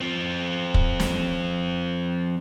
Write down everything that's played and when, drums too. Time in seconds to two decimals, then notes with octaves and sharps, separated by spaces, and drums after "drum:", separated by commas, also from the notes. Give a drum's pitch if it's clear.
0.01 F3 C4
0.74 drum: kick
1.00 drum: snare